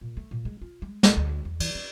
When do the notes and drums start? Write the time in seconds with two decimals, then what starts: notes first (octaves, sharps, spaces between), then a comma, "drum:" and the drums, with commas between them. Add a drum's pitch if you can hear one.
0.01 A#2
0.17 A3
0.31 A#2
0.45 G#3
0.62 F4
0.82 G#3
1.03 B1, drum: snare
1.17 D2
1.45 E2
1.60 E3, drum: cymbal
1.75 C#4